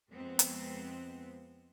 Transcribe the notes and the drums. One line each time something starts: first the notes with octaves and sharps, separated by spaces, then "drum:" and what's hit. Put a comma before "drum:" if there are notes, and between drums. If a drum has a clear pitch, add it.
F2 G#3 B3 C4
drum: hi-hat